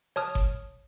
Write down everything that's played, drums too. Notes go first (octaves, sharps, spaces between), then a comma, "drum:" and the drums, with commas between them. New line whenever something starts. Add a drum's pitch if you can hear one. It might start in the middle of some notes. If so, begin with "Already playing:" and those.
C#5 A5 D#6 F6
drum: kick G1